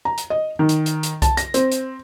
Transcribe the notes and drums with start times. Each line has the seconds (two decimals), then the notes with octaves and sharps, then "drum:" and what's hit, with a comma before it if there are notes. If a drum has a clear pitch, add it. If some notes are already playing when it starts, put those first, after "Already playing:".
0.05 A#5
0.18 drum: hi-hat
0.30 D#5
0.59 D#3
0.69 drum: hi-hat
0.86 drum: hi-hat
1.03 drum: hi-hat
1.22 A5, drum: kick C2, hi-hat
1.37 A#6, drum: hi-hat
1.54 C4, drum: hi-hat
1.72 drum: hi-hat